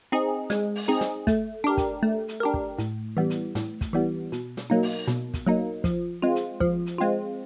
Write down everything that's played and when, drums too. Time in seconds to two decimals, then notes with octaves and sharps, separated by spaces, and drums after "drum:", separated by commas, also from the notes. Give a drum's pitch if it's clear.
0.12 C4 D#4 G#4
0.50 G#3, drum: snare
0.75 drum: open hi-hat
0.88 C4 D#4 G#4
1.01 drum: snare
1.27 A3, drum: kick, hi-hat
1.64 D4 G4 A#4
1.77 drum: kick, hi-hat
2.03 A3
2.28 drum: hi-hat
2.40 D4 G4 A#4
2.54 drum: kick
2.78 A2, drum: hi-hat
3.17 E3 G3 B3
3.30 drum: hi-hat
3.55 A2, drum: snare
3.81 drum: kick, hi-hat
3.93 E3 G3 B3
4.32 B2, drum: hi-hat
4.57 drum: snare
4.70 F#3 A#3 D#4
4.83 drum: open hi-hat
5.08 B2, drum: snare
5.34 drum: kick, hi-hat
5.47 F#3 A#3 D#4
5.84 F3, drum: kick, hi-hat
6.22 G#3 C4 F4
6.35 drum: hi-hat
6.60 F3, drum: kick
6.86 drum: hi-hat
6.98 G#3 C4 F4